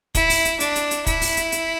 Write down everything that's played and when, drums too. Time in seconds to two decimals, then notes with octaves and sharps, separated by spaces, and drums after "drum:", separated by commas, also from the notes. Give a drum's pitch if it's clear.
0.15 E4, drum: kick, hi-hat
0.30 drum: open hi-hat
0.45 drum: hi-hat
0.60 D4, drum: hi-hat
0.76 drum: hi-hat
0.91 drum: hi-hat
1.06 E4, drum: kick, hi-hat
1.21 drum: open hi-hat
1.37 drum: hi-hat
1.52 drum: hi-hat